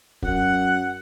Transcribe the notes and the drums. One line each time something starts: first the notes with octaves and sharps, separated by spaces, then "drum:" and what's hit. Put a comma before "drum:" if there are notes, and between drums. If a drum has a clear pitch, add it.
F#2 F#5, drum: kick